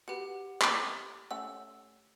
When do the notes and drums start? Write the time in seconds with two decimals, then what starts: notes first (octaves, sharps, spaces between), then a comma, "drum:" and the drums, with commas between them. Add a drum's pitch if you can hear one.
0.08 F#4 G4 B4 F#5
0.62 drum: clap
1.31 A3 C#4 F#5 E6